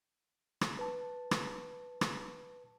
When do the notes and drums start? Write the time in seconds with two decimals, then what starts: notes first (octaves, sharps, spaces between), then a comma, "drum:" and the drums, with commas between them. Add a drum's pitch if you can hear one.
0.61 drum: rim click
0.79 B4 A5
1.31 drum: rim click
2.01 drum: rim click